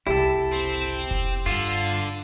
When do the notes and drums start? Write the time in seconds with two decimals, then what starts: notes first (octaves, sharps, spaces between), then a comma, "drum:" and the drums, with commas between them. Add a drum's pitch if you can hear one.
0.07 F#1 C2 E4 G4 A4
0.52 C4
1.11 drum: kick F1
1.46 G2 D3 F4